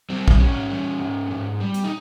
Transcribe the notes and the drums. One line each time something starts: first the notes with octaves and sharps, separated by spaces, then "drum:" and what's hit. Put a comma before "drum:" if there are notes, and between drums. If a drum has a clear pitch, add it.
G3 C4
drum: kick
G#2 C#4
G3
G#2
G#2
G3
drum: hi-hat
D#4